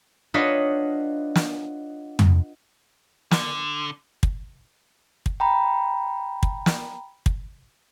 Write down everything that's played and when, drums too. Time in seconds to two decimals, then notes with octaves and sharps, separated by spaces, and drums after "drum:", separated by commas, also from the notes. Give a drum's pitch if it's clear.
0.34 D4 F4 B4 C#5 D#5 F#5
1.36 drum: snare
2.19 drum: tom
3.31 D3, drum: snare
4.23 drum: kick
5.26 drum: kick
5.40 G5 A#5 B5
6.43 drum: kick
6.66 drum: snare
7.26 drum: kick